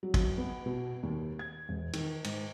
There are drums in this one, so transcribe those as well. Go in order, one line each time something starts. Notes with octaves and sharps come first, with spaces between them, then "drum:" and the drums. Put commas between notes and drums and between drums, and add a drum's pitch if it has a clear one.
F#3
drum: kick, cymbal
B3
B2
D#2
G#6
E1
D#3, drum: cymbal
G#2, drum: cymbal